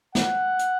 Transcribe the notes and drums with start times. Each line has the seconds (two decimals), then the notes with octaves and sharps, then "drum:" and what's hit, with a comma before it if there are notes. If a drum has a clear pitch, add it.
0.15 F#5, drum: snare
0.59 drum: hi-hat